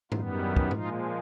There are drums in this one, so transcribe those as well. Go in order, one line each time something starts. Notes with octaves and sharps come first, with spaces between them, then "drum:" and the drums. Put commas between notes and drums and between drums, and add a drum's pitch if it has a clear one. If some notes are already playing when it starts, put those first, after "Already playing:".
F#2 D#3 G3 B3 D#4 F4, drum: tom G#2
E4
drum: kick
A#2 F3 G#3 D#4 F4, drum: tom G#2